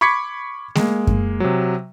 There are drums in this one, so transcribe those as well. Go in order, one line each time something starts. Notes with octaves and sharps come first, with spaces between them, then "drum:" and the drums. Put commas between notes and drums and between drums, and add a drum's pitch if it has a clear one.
B5 C#6 D6 G#6 B6 C#7
G#3 A#3, drum: snare A3
drum: kick F#2
C3 F#3